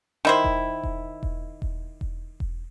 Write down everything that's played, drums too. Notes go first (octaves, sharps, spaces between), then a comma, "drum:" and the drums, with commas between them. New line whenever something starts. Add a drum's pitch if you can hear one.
D#3 E4 C5
drum: kick E1
drum: kick E1
drum: kick E1
drum: kick E1
drum: kick E1
drum: kick E1